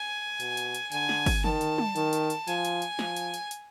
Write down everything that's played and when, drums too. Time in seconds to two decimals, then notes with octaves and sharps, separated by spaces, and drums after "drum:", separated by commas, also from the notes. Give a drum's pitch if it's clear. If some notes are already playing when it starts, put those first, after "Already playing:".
Already playing: G#5
0.40 B2, drum: hi-hat
0.57 drum: hi-hat
0.75 drum: hi-hat
0.92 D3 G#5, drum: hi-hat
1.09 drum: snare
1.26 drum: kick, open hi-hat
1.44 D#3 A5, drum: tom
1.61 drum: hi-hat
1.78 drum: tom
1.96 D#3, drum: hi-hat
2.13 drum: hi-hat
2.30 drum: hi-hat
2.48 F3 G#5, drum: hi-hat
2.65 drum: hi-hat
2.82 drum: hi-hat
2.99 F3, drum: snare
3.16 drum: hi-hat
3.34 drum: hi-hat
3.51 drum: hi-hat